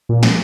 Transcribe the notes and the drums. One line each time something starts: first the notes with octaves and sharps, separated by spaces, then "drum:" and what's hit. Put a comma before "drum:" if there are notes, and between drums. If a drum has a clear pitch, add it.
A#2
drum: snare